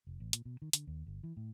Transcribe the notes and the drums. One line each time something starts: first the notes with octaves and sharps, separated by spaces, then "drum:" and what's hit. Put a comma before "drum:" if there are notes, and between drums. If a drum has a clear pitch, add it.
F1
A1
A#2, drum: hi-hat
B2
D#3
D3, drum: hi-hat
D#2
G1
E3
A2